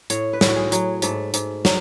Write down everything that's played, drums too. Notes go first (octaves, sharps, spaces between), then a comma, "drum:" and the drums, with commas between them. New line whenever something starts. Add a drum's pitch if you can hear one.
A2 C#5, drum: hi-hat
B4
A2, drum: snare
F#4
G#4
F#3, drum: hi-hat
G#2 A3, drum: hi-hat
G#2, drum: hi-hat
F#3, drum: snare